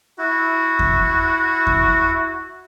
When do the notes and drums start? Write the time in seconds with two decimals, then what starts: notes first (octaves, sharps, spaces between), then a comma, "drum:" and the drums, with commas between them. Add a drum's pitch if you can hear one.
0.19 E4 F#4
0.79 drum: kick E2
1.67 drum: kick E2